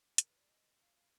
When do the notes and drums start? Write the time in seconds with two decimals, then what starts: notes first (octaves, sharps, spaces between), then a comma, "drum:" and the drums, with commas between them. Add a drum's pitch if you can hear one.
0.18 A#4, drum: hi-hat
0.28 B4
0.38 D5
0.49 D#5
0.76 F#5
0.80 F5
0.96 F5